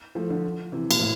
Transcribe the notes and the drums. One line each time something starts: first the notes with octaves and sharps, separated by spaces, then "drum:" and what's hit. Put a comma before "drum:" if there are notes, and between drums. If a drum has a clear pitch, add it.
F3 A3
D3 F3
C3 E3
A#2, drum: cymbal
A2